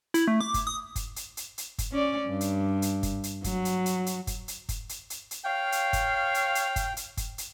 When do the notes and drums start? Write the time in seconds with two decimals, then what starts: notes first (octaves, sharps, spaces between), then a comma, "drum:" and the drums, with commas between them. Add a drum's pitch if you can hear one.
0.14 E4, drum: hi-hat
0.28 A3
0.41 D6
0.54 drum: kick F#1, hi-hat
0.67 D#6
0.96 drum: kick F#1, hi-hat
1.16 drum: hi-hat
1.37 drum: hi-hat
1.58 drum: hi-hat
1.78 drum: kick F#1, hi-hat
1.92 C#4 D5
2.28 G2
2.41 drum: hi-hat
2.82 drum: hi-hat
3.03 drum: kick F#1, hi-hat
3.24 drum: hi-hat
3.44 F#3, drum: kick F#1, hi-hat
3.65 drum: hi-hat
3.86 drum: hi-hat
4.06 drum: hi-hat
4.27 drum: kick F#1, hi-hat
4.48 drum: hi-hat
4.69 drum: kick F#1, hi-hat
4.89 drum: hi-hat
5.10 drum: hi-hat
5.31 drum: hi-hat
5.44 C#5 F5 G5
5.72 drum: hi-hat
5.93 drum: kick F#1, hi-hat
6.34 drum: hi-hat
6.55 drum: hi-hat
6.76 drum: kick F#1, hi-hat
6.97 drum: hi-hat
7.17 drum: kick F#1, hi-hat
7.38 drum: hi-hat